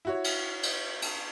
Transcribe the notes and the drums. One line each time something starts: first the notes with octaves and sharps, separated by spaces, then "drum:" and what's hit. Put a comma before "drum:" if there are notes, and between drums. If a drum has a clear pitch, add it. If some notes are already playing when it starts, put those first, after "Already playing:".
E4 F#4 C#5
drum: cymbal
drum: cymbal
drum: cymbal